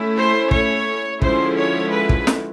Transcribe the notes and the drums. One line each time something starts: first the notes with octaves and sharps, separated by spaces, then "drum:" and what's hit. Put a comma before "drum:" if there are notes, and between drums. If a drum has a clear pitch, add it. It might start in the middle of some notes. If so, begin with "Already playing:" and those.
Already playing: A3 C#4 E4
C5
C#5, drum: kick
D3 F3 G#3 C#4 E4 C5, drum: kick
C#5
B4
drum: kick
drum: snare